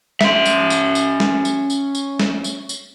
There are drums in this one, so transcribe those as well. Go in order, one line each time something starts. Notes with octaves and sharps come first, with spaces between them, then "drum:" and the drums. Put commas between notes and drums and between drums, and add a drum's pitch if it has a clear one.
C#4 E5, drum: snare
drum: tambourine
drum: tambourine
drum: tambourine
drum: snare
drum: tambourine
drum: tambourine
drum: tambourine
drum: snare
drum: tambourine
drum: tambourine